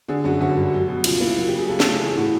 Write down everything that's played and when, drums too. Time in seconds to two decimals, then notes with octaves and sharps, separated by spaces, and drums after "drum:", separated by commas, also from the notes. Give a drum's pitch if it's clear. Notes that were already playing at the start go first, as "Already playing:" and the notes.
0.08 D3 G#4
0.24 F#2 F#4
0.41 G1 F#4
0.57 G3
0.73 F#3
0.88 B2
1.04 C#2 F4, drum: cymbal
1.20 A#3 E4
1.37 F#3 F4
1.48 G4
1.53 C#3 G#4
1.69 C#2 A4
1.80 A4, drum: snare
1.85 A3 G#4
2.00 E3 G#4
2.17 A2 F#4